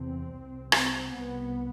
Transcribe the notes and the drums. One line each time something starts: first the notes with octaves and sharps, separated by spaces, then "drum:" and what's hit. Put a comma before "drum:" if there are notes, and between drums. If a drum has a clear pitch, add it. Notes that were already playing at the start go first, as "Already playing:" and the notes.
Already playing: E2 C3 C4
C2 C3
C4, drum: rim click
C2 C3 B3